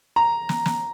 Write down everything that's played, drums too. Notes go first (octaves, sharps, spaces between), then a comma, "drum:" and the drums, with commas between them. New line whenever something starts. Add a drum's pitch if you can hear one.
A#5
drum: snare
drum: snare